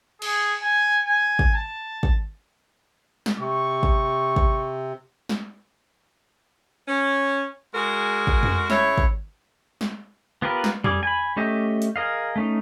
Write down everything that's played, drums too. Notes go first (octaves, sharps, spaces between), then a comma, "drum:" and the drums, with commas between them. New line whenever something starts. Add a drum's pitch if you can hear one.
G#4, drum: cymbal
G#5
G#5
drum: kick
A5
drum: kick
drum: snare
C3 C#6
drum: kick
drum: kick
drum: snare
C#4
G#3 F#4 G#4 A#4
drum: kick
drum: tom F2
C#3 E4 C#5, drum: snare
drum: kick
drum: snare
B3 F4 G4 A#4 B4
drum: snare
G3 G#4 D6, drum: tom F2
G#5 B5
A3 C#4 G4 D#5 E5
drum: hi-hat
G#4 A#4 D#5 F5
A3 C#4 D#4